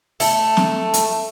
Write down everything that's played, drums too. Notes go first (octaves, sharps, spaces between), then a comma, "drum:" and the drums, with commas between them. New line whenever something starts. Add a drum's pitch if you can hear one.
A3, drum: open hi-hat
drum: snare
drum: hi-hat